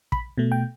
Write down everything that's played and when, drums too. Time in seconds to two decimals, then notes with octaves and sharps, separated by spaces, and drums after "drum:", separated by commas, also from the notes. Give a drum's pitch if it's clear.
0.12 B5, drum: kick
0.38 B2 A3
0.52 G5